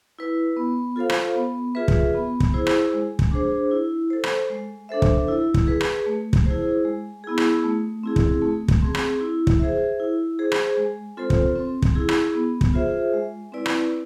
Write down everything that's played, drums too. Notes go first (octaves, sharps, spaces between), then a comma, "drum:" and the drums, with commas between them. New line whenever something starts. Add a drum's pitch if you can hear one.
E4 B4
B3
F4 A4 C5 F5
drum: rim click
B3
F4 G#4 B4 E5
drum: kick
B3
drum: kick
E4 G#4 C5
drum: rim click
G#3
drum: kick
D4 G#4 C5
E4
A4 C5
drum: rim click
G#3
D4 A4 C5 E5
drum: kick
E4
drum: kick
G#4 B4
drum: rim click
A3
drum: kick
E4 G#4 C5
G#3
B3 E4 G#4
drum: rim click
A3
C4 E4 G#4
drum: kick
A3
drum: kick
C4 G#4
drum: rim click
E4
drum: kick
G#4 C5 E5
E4
G#4 C5
drum: rim click
G#3
C4 F4 A4 C5
drum: kick
C4
drum: kick
E4 G#4
drum: rim click
B3
drum: kick
F4 G#4 C5 E5
G#3
C4 E4 B4 D5
drum: rim click